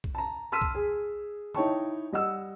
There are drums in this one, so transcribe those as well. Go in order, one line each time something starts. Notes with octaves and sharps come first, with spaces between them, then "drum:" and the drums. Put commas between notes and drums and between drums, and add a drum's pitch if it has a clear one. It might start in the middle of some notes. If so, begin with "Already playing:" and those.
drum: kick B1
A5 A#5
A5 C6 E6 F6 B6 D#7
drum: kick B1
G#4
D#4 E4 C#5 G5 A5 C#6, drum: tom D3
G3 D#5 F#5 E6